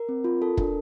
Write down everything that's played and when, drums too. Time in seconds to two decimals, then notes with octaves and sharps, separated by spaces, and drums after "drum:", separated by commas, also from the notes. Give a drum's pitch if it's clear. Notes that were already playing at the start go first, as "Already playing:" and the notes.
Already playing: A#4
0.09 C4
0.24 F4
0.42 A4
0.57 D4, drum: kick